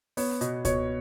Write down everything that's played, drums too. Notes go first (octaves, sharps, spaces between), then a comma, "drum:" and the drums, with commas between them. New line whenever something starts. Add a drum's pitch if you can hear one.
B3 C#5, drum: open hi-hat
B2, drum: hi-hat
B2 C#5, drum: kick C#2, hi-hat